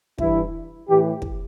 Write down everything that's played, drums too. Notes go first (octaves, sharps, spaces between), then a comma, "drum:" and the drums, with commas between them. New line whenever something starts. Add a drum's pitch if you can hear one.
G2 E3 E4, drum: kick
A2 E3 G4
drum: kick